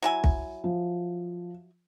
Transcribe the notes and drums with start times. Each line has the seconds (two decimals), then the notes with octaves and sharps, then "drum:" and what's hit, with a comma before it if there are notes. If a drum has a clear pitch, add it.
0.02 F#3 E4 G#5
0.24 drum: kick
0.64 F3